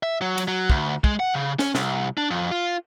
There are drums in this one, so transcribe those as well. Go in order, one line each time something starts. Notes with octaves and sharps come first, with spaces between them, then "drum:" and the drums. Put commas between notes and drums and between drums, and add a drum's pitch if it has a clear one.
E5
F#3
drum: cymbal
F#3
D2, drum: kick
G#3, drum: kick
F#5
C#3
C#4, drum: snare
C2, drum: snare
D4
F2
F4